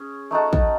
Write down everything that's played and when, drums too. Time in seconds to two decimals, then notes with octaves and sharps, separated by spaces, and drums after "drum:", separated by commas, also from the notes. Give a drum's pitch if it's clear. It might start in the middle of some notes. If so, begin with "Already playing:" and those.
Already playing: C#4 G#4
0.31 A3 D#4 F#4 A4
0.53 drum: kick